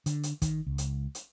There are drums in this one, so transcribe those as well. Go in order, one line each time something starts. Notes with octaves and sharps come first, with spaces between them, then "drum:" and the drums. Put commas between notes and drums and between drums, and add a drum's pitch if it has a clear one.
D3, drum: hi-hat
drum: hi-hat
D#3, drum: kick, hi-hat
C#2
drum: hi-hat
drum: hi-hat